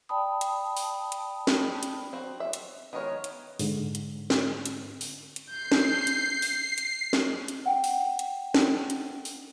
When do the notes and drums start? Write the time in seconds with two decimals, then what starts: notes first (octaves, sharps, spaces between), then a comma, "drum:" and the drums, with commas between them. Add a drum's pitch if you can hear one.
0.09 D5 G5 A5 B5 D#6
0.41 drum: hi-hat
0.77 drum: open hi-hat
1.12 drum: hi-hat
1.47 drum: snare
1.83 drum: hi-hat
2.13 C4 F#4
2.40 E5
2.53 drum: hi-hat
2.93 D#3 G#3 B3 A#4 C#5
3.24 drum: hi-hat
3.59 G#2 D3, drum: open hi-hat
3.95 drum: hi-hat
4.30 drum: snare
4.66 drum: hi-hat
5.01 drum: open hi-hat
5.36 drum: hi-hat
5.50 G6 C7
5.72 drum: snare
6.07 drum: hi-hat
6.42 drum: open hi-hat
6.78 drum: hi-hat
7.13 drum: snare
7.48 drum: hi-hat
7.66 F#5 G5
7.84 drum: open hi-hat
8.19 drum: hi-hat
8.54 drum: snare
8.90 drum: hi-hat
9.25 drum: open hi-hat